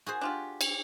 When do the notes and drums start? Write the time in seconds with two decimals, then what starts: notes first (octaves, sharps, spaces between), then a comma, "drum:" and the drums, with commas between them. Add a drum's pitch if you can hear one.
0.06 F#4 G#4 C5
0.21 D4 F4 G4
0.61 drum: cymbal